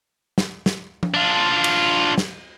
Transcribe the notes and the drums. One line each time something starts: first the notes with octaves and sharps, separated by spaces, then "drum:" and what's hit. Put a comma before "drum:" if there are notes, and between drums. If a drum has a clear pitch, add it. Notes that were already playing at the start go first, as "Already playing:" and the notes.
drum: snare
drum: snare
drum: tom F3
D4 F4
drum: cymbal
drum: snare